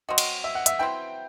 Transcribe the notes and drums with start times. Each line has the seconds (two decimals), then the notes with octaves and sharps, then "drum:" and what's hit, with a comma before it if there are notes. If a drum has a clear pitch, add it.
0.09 F#3 C4 F#4 D#5
0.18 drum: cymbal
0.44 E5
0.55 F#5
0.66 E5, drum: hi-hat
0.79 F#3 C4 E4 B4 G5